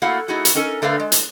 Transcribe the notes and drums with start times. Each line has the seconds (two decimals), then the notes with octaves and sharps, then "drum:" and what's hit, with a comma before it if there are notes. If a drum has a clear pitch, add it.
0.02 A3 A#3 E4 F#4 F5 F#5
0.28 A3 D#4 E4 F#4 G#4
0.45 drum: hi-hat
0.55 C#4 D#4 A4 A#4 G#5
0.82 D3 A3 A#4 B4 F5
1.00 G#3
1.12 drum: hi-hat